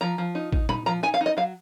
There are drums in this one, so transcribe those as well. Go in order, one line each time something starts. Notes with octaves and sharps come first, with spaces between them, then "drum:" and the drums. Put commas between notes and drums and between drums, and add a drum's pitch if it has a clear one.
F3 A#5
F3
D#4
D#4, drum: kick A1
D#4 B5, drum: tom A#2
F3 A#5
D#4 G#5
F5
D#4
D#5
F#3 F5